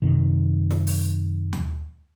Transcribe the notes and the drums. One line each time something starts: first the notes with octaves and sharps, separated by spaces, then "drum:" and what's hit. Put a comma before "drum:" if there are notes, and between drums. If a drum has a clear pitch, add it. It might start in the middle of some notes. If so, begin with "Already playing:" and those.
F#2 C3 D#3
drum: snare
drum: open hi-hat
drum: tom D#2